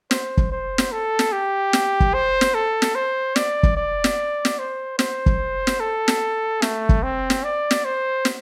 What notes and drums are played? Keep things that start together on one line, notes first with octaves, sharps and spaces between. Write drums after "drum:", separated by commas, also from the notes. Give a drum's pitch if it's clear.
C5, drum: snare
drum: kick
C5
drum: snare
A4
drum: snare
G4
drum: snare
drum: kick
C5
drum: snare
A4
drum: snare
C5
D5, drum: snare
drum: kick
D5
drum: snare
drum: snare
C5
C5, drum: snare
drum: kick
drum: snare
A4
drum: snare
A3, drum: snare
drum: kick
C4
drum: snare
D5
drum: snare
C5
drum: snare